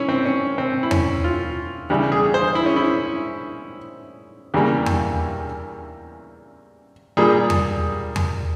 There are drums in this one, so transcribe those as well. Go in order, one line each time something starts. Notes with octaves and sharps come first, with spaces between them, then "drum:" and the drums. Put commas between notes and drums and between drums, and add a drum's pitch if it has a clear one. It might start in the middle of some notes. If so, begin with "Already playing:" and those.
Already playing: C#4 E4
C4
C#4
C4
E4
C#4, drum: tom E2
F4
E2 C#3 G3 G4
G#4
C5
E4
C#4
E4
E2 C#3 E3 G3 A#3 G4
drum: tom E2
A#2 G3 A#3 G#4
drum: tom E2
drum: tom E2